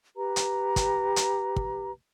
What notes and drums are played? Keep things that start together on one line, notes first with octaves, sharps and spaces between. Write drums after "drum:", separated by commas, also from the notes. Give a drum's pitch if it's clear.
G4 B4 A#5
drum: hi-hat
drum: kick, hi-hat
drum: hi-hat
drum: kick